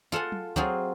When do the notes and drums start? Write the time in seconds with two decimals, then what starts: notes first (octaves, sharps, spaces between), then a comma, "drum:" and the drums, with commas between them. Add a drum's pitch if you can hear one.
0.12 F4 A4 F#5 G#5
0.32 drum: tom F#3
0.56 F#3 C4 F4 G#4, drum: kick